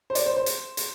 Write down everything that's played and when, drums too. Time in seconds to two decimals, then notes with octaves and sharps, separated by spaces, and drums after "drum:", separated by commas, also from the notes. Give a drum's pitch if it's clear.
0.10 C5
0.15 D5, drum: hi-hat
0.26 C5
0.37 C5
0.46 drum: hi-hat
0.77 drum: hi-hat